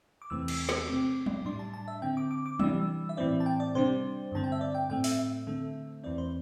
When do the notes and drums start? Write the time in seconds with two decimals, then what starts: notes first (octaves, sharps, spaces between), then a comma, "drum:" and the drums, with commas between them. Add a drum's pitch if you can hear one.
0.22 D6
0.30 E2 C3 E3 A3 C4 E6
0.48 drum: cymbal
0.69 drum: snare
0.88 C3 A3 C4 D6
1.26 drum: tom F#3
1.45 A2 G3 D4 C6
1.59 A5
1.73 A5
1.88 E5
2.02 D3 C4 G5
2.17 D6
2.31 D6
2.46 D6
2.59 C3 E3 G3 D4 E6, drum: tom F#3
3.09 E5
3.17 A2 E3 C4 D5
3.40 A5
3.46 G5
3.60 D5
3.75 C3 G3 D4 C5
4.32 G2 D3 C4 A5
4.44 G5
4.52 E5
4.61 D5
4.75 G5
4.90 A2 A3 C4 G5
5.04 E5, drum: open hi-hat
5.19 E5
5.47 D3 A3 C4
6.04 E2 E3 C4 D5
6.18 C5